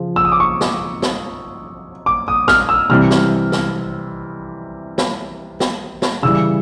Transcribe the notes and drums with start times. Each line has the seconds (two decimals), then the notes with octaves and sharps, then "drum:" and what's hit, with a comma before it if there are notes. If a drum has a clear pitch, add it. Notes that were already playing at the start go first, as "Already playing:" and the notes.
Already playing: C#3 F3
0.16 E6
0.25 D#6
0.32 D6
0.40 C#6
0.61 drum: snare
1.02 drum: snare
2.06 D6
2.28 D#6
2.48 F6, drum: snare
2.69 E6
2.89 C3 E3 G3 F6
3.11 drum: snare
3.52 drum: snare
4.98 drum: snare
5.60 drum: snare
6.02 drum: snare
6.23 C#3 E3 G3 E6